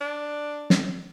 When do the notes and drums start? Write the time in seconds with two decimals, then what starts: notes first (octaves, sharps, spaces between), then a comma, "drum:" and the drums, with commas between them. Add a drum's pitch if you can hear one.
0.01 D4
0.70 drum: snare